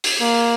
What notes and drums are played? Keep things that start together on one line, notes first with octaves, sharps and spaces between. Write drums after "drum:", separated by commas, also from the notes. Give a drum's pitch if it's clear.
drum: open hi-hat
A#3